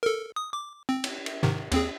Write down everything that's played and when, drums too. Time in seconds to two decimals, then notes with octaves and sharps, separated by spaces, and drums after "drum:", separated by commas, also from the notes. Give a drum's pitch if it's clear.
0.03 A4 A#4
0.36 D#6
0.53 D6
0.89 C4
1.04 drum: cymbal
1.26 drum: cymbal
1.43 G#2 C3 D#3
1.72 D#2 C4 G#4, drum: cymbal